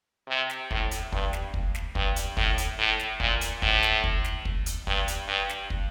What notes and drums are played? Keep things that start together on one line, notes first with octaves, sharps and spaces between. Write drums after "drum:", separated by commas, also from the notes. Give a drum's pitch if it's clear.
C3
drum: snare
A2, drum: kick
drum: hi-hat
G2, drum: kick
drum: snare
drum: kick
drum: snare
G2, drum: kick
drum: hi-hat
A2, drum: kick
drum: hi-hat
A2
drum: snare
A#2, drum: kick
drum: hi-hat
A2, drum: kick
drum: snare
drum: kick
drum: snare
drum: kick
drum: hi-hat
G2, drum: kick
drum: hi-hat
G2
drum: snare
drum: kick